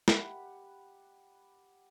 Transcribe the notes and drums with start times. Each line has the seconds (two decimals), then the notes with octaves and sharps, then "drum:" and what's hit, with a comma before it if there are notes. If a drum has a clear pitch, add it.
0.08 G4 F#5 B5, drum: snare